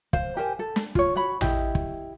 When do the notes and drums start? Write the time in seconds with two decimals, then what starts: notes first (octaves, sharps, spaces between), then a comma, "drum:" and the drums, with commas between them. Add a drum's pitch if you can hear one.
0.13 C5 F5, drum: kick
0.37 G4 A#4 C5 G#5
0.59 A4
0.76 drum: snare
0.95 F4 C#5, drum: kick
1.15 F#4 C#5 B5
1.41 E4 G4 D#5, drum: tom A1
1.75 drum: kick